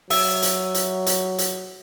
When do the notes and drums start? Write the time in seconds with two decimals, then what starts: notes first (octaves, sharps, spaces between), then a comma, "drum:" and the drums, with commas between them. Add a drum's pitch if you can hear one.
0.10 F#3 E5, drum: open hi-hat
0.42 drum: hi-hat
0.74 drum: hi-hat
1.06 drum: hi-hat
1.38 drum: hi-hat